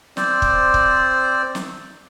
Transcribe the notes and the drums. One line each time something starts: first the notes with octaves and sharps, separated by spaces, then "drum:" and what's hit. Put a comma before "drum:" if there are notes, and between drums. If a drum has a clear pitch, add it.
C4 C5 D5, drum: snare
drum: kick
drum: kick
drum: snare